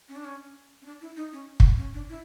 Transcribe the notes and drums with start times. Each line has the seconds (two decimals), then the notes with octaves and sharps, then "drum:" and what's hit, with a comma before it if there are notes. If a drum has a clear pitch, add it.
0.09 C#4
0.16 D4
0.25 C#4
0.82 C#4
0.86 D4
1.01 E4
1.17 D#4
1.33 C#4
1.60 drum: kick
1.78 C#4
1.94 D4
2.09 E4